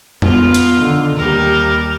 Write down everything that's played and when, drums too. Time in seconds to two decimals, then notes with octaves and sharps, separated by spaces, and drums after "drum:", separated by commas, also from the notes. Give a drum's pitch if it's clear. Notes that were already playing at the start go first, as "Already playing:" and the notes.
0.22 B3 F4, drum: tom F2
0.54 drum: hi-hat
0.75 D3 D#3
1.17 D#2 G3 A#4